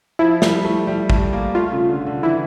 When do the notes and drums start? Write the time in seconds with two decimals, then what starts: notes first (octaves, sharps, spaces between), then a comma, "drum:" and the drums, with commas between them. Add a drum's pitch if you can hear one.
0.19 F3 E4
0.42 G3, drum: snare
0.65 A3
0.87 G3
1.10 A3, drum: kick A1
1.33 A#3
1.55 A3 F4
1.72 C#3
1.89 D3
2.06 D3
2.23 E3 E4